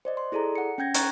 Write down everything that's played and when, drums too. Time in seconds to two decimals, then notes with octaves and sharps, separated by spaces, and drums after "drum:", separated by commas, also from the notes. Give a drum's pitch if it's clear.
0.05 C5 D5 D#5
0.17 C6
0.32 E4 G#4 A4 D5 A#5
0.55 F#5 C#7
0.78 C#4 G5 G6 G#6 A#6
0.95 A#5 C#6 F#6 G#6 A6, drum: hi-hat